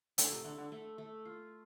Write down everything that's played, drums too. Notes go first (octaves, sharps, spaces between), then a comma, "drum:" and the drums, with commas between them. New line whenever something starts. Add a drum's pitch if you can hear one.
D3 A3, drum: hi-hat
C3
D3 A3
D3
A3
A3
F4